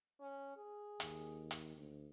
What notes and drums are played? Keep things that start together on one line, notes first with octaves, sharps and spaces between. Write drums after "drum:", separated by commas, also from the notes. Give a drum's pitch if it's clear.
C#4
G#4
D#2, drum: hi-hat
drum: hi-hat
D2